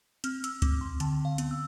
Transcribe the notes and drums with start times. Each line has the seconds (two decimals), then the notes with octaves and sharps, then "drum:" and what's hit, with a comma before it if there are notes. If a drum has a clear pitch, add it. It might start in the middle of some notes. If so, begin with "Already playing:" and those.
0.24 C4 F6, drum: hi-hat
0.44 E6, drum: hi-hat
0.62 C4 D6, drum: kick C#2, hi-hat
0.81 C6
1.00 D3 A5, drum: hi-hat
1.25 F5
1.38 B3, drum: hi-hat
1.51 E6